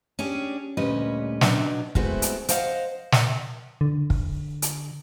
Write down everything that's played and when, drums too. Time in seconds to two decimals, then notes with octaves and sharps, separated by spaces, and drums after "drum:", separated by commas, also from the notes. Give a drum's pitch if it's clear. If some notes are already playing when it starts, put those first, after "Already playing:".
0.19 C#4 D4 G4 G#4
0.77 D2 A#2 G3 C#4 B4 D#5
1.41 B2 F#3 B3 D4 D#4, drum: snare
1.95 G#3 A3 B3 C4 E4 F#4, drum: kick
2.22 drum: hi-hat
2.49 C5 D#5 F5 F#5, drum: hi-hat
3.12 drum: snare
3.81 D3
4.10 drum: kick
4.62 drum: hi-hat